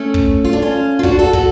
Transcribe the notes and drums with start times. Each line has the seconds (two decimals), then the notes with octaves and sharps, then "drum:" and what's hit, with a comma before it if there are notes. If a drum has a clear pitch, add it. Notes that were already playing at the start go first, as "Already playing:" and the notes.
Already playing: A3 C#4
0.14 drum: kick
0.45 F4
0.53 D4
0.62 C#4 F4
0.99 F4
1.03 D4 F#4, drum: kick
1.19 F#4 A4
1.33 F#4 A4, drum: kick